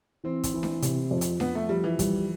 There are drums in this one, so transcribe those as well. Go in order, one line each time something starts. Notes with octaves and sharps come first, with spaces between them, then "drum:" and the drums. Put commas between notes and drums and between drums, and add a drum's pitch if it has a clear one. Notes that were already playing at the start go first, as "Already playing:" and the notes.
E3 C4
drum: kick, hi-hat
E3
drum: snare D4
C3, drum: hi-hat
F2
drum: hi-hat
F2 B3, drum: snare D4
A3
F3 G3
E3
G3, drum: kick, hi-hat